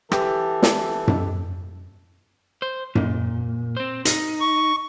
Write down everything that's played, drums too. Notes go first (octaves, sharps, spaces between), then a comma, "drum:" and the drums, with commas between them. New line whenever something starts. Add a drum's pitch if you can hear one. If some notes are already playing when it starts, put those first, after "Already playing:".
E3 G4 A4, drum: rim click
drum: snare
drum: tom F#2
C5
A#2, drum: tom F#2
C4 C5
D#4, drum: hi-hat
C#6